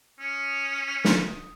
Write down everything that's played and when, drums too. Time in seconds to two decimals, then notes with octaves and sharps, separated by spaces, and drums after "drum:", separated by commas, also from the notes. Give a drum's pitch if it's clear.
0.20 C#4 D#6
1.05 drum: snare